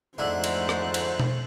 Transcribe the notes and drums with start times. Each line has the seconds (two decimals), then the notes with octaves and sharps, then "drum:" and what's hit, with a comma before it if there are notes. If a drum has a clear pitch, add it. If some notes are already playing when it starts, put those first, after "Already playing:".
0.18 F2 G#2 D3 A3 E4 C5 F#6
0.44 drum: cymbal
0.69 drum: rim click
0.94 drum: cymbal
1.20 drum: tom B2